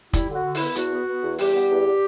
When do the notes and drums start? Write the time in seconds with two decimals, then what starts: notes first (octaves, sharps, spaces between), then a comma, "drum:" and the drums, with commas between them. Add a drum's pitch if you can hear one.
0.13 G3 E4, drum: kick, hi-hat
0.29 D3 F#4
0.44 D3
0.55 E4, drum: open hi-hat
0.60 B3
0.75 E2 F#4, drum: hi-hat
0.92 B3
1.06 B3
1.23 E2
1.38 E2 G3 G4, drum: open hi-hat
1.55 B3
1.70 E2
1.86 G3